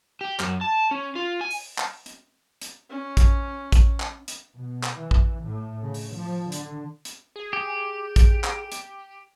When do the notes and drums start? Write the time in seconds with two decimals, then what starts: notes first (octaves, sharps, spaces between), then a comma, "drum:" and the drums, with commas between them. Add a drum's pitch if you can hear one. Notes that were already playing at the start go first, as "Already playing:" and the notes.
0.21 G4
0.40 F#2, drum: clap
0.61 A5
0.91 C#4
1.15 F4
1.41 G#5
1.51 drum: open hi-hat
1.78 drum: clap
2.06 drum: hi-hat
2.62 drum: hi-hat
2.90 C#4
3.17 drum: kick A1, hi-hat
3.72 drum: kick A1, hi-hat
4.00 drum: clap
4.28 drum: hi-hat
4.55 B2
4.83 drum: clap
4.97 E3
5.11 drum: kick A1
5.43 A2
5.84 C#3
5.94 drum: open hi-hat
6.16 F3
6.52 D3, drum: hi-hat
7.05 drum: hi-hat
7.36 G#4
7.53 G4
8.16 drum: kick A1, hi-hat
8.44 drum: clap
8.72 drum: hi-hat